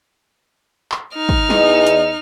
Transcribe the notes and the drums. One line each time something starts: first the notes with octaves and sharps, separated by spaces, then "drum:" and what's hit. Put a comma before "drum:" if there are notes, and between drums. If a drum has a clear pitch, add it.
drum: clap
D#4 F6
drum: kick
E2 D#5, drum: snare
drum: hi-hat